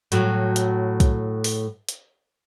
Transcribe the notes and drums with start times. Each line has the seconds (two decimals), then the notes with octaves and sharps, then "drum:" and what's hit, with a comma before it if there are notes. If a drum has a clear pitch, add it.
0.12 A2 F#3, drum: hi-hat
0.56 drum: hi-hat
1.00 drum: kick B1, hi-hat
1.44 drum: open hi-hat
1.89 drum: hi-hat